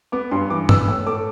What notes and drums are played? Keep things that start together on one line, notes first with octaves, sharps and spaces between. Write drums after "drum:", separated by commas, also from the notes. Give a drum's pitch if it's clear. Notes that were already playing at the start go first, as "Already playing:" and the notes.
B3 D6
G2 C6
E3 D6
B3 E6, drum: tom G2
A2 E6
A3 D6